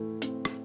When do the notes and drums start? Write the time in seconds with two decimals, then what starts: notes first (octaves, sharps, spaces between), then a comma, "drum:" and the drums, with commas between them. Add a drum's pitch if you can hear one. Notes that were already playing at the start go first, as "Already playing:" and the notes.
Already playing: A2 E3 A3
0.22 C4, drum: hi-hat
0.45 drum: rim click